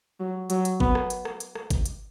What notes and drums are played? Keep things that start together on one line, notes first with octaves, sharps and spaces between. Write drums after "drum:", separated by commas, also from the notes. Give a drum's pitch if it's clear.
F#3
F#3, drum: hi-hat
drum: hi-hat
B3, drum: kick G1
drum: rim click
drum: hi-hat
drum: rim click
drum: hi-hat
drum: rim click
drum: kick G1, hi-hat
drum: hi-hat